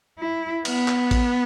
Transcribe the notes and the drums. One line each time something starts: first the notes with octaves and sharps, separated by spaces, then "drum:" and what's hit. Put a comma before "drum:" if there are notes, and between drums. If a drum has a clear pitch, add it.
E4
B3, drum: cymbal
drum: clap
drum: kick, cymbal